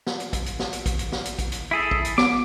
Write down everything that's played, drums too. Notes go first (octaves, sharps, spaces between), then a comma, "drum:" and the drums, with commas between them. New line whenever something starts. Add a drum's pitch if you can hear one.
drum: snare
drum: hi-hat
drum: kick A1, hi-hat
drum: hi-hat
drum: snare
drum: hi-hat
drum: kick A1, hi-hat
drum: hi-hat
drum: snare
drum: hi-hat
drum: kick A1, hi-hat
drum: hi-hat
E4 G#4 A4
drum: kick A1
drum: hi-hat
B3 D6, drum: snare